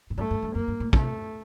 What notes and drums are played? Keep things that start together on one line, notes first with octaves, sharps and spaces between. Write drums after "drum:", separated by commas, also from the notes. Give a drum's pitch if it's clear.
A2
G2 A3
G2
G2
F#2 A#3
G2
A2
C3 A3, drum: kick